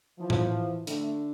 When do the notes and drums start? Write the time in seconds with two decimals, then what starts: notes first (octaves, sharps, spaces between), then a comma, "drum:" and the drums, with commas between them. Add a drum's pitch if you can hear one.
0.19 E3 F3
0.30 drum: tom A2
0.87 D3 A3, drum: hi-hat